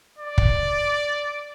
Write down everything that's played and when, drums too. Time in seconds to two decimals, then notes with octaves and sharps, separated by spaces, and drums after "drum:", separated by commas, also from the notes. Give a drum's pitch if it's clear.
0.19 D5
0.38 drum: kick